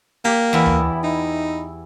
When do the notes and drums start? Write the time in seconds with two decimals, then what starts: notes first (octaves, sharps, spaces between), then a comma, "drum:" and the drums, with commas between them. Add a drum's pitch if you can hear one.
0.25 A#3 G4
0.53 E2 B3 E4
0.66 drum: tom D2
1.04 D#4